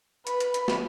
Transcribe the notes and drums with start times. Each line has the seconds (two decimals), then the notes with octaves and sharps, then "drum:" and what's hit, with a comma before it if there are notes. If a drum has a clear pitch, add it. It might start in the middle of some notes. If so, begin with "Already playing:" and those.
0.27 B4, drum: hi-hat
0.40 drum: hi-hat
0.54 drum: hi-hat
0.68 drum: snare